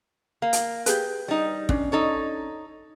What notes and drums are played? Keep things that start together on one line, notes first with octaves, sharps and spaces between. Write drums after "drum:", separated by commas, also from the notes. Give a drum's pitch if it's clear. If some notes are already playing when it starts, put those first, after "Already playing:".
A#3 F5
drum: hi-hat
G4 G#4 B4, drum: hi-hat
G3 D#4
C#4 D4, drum: kick
D#4 A4 C#5